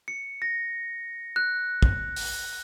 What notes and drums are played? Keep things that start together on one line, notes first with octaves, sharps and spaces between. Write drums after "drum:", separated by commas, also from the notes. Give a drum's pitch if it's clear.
C#7
A#6
F#6
drum: kick
drum: open hi-hat